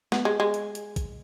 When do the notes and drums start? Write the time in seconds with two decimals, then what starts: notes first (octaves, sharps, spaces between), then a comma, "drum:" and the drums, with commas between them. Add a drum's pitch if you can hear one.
0.12 B3, drum: snare
0.25 G#3
0.40 G#3
0.54 drum: hi-hat
0.75 drum: hi-hat
0.96 drum: kick, hi-hat